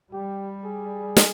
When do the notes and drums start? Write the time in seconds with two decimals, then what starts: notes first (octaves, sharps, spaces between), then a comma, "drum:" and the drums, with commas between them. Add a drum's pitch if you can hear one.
0.13 G3 G4
0.65 G#4
1.17 drum: snare